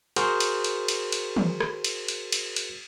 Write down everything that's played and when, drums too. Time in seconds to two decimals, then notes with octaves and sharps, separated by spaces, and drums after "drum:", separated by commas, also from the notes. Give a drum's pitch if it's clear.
0.16 F#4 G#4 A#4 C5, drum: cymbal
0.40 drum: cymbal
0.64 drum: cymbal
0.88 drum: cymbal
1.12 drum: cymbal
1.36 drum: tom
1.60 drum: rim click
1.84 drum: cymbal
2.08 drum: cymbal
2.32 drum: cymbal
2.56 drum: cymbal